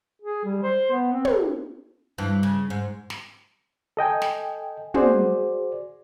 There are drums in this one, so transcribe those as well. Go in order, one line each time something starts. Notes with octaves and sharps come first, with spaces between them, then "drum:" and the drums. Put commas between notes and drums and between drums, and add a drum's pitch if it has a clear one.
G#4
G3
C5
B3
C4
drum: tom
G2 E3
C#3
G#2
drum: snare
A4 D#5 G5 G#5
drum: snare
F#4 G#4 C5 D5, drum: tom